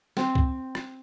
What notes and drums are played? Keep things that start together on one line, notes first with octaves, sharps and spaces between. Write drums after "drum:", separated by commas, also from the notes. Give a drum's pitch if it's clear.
C4, drum: snare
drum: kick C#2
drum: rim click